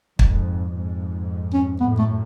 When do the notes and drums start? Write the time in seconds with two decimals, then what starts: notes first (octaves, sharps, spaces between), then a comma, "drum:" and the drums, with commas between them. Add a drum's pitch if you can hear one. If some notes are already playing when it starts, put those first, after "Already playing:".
0.19 F2 G#2, drum: kick
0.73 F2 G#2
1.54 C#4
1.80 F#2 A2 B3
1.99 A3